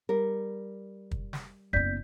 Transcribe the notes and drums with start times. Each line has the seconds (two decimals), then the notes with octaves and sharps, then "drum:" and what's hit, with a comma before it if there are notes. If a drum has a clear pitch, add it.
0.09 G3 A#4
1.11 drum: kick
1.33 drum: snare
1.73 F#1 B3 D5 G6 B6